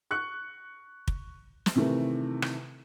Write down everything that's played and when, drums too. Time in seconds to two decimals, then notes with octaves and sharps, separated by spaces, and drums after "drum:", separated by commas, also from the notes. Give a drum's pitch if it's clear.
0.11 C#6 F#6 C#7
1.08 drum: kick
1.66 drum: snare
1.76 C3 D#3 E3 A3
2.42 drum: rim click